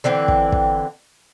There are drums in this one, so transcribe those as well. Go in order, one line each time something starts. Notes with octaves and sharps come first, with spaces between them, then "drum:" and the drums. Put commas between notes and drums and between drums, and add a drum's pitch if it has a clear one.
D3 E3 C4 G5
drum: kick
drum: kick